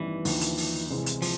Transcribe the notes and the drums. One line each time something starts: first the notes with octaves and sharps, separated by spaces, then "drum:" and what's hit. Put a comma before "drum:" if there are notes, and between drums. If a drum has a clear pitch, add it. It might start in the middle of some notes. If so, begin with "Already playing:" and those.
Already playing: A1 G2 D#3 E3 G3 B3
D#2 D3 F3, drum: open hi-hat
drum: hi-hat
drum: open hi-hat
C2 C3 E3 G#3 C4
drum: hi-hat
F3, drum: open hi-hat